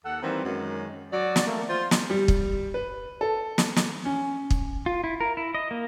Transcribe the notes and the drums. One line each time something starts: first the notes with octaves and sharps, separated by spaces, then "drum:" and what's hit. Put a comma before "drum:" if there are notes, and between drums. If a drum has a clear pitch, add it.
D#2 A4 F#5
D#3 E3 G3 A#3 C4
F#2 D#3 F#3 G#3
F#3 F#4 D5
drum: snare
A3 A#3
F4 C5
drum: snare
G3
drum: kick
B4
A4
drum: snare
drum: snare
C#4
drum: kick
F4
E4
A#4
E4
D#5
A#3